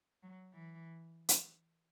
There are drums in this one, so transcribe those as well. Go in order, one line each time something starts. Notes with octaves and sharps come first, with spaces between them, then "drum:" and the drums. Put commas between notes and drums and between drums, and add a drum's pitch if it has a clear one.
F#3
E3
drum: hi-hat